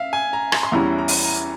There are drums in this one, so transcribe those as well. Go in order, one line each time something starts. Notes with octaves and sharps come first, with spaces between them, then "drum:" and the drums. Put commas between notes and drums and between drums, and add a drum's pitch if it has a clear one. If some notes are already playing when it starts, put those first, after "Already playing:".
Already playing: E5 F5
G#5
A#5
C6, drum: rim click
C6
E2 E3 G3 C#4 E4 A#5
A#5
drum: open hi-hat
A#5